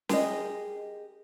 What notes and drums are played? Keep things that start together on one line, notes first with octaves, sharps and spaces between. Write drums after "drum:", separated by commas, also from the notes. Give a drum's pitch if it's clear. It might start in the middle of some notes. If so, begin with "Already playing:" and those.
G4 G#4 A#4 D#5, drum: snare